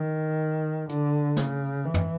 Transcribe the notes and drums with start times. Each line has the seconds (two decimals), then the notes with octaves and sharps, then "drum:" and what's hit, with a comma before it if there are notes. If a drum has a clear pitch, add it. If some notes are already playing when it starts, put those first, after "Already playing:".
Already playing: D#3
0.89 D3, drum: hi-hat
1.36 C#3, drum: snare
1.85 E3
1.94 drum: tom